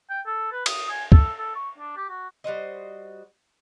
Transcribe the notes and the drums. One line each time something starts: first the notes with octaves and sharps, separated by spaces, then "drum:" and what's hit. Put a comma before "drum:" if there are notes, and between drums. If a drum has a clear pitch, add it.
G5
A4
B4
D#6, drum: cymbal
G#5
A4, drum: kick
A4
C#6
D4
G4
F#4
G3 F#4 C5 D#5